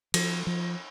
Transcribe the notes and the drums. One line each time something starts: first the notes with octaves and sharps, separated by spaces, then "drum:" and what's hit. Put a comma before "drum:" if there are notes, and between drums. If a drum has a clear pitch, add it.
F3, drum: cymbal
F3